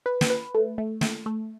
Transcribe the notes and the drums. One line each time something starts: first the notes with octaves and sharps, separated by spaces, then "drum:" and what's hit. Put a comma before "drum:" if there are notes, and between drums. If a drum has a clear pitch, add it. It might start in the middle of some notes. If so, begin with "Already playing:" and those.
B4
drum: snare
B4
A3
A3
A3, drum: snare
A3